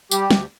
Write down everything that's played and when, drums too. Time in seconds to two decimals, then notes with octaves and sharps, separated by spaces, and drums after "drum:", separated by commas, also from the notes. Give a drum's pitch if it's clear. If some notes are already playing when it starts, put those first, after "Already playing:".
0.11 G3 G4, drum: tambourine
0.31 D2, drum: snare